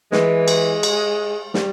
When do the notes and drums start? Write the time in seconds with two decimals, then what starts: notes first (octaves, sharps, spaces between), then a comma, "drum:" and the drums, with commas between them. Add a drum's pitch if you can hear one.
0.12 E3 G#3, drum: snare
0.48 drum: cymbal
0.83 drum: cymbal
1.54 G3, drum: snare